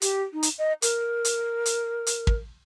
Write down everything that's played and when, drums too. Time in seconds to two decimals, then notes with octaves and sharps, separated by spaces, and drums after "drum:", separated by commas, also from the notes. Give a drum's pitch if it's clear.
0.02 G4, drum: hi-hat
0.33 D#4
0.43 drum: hi-hat
0.58 D#5
0.82 A#4, drum: hi-hat
1.25 drum: hi-hat
1.66 drum: hi-hat
2.07 drum: hi-hat
2.27 drum: kick